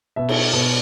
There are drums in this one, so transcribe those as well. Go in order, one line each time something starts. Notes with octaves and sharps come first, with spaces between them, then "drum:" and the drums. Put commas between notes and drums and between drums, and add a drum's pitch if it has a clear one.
B2 E5
drum: cymbal
B2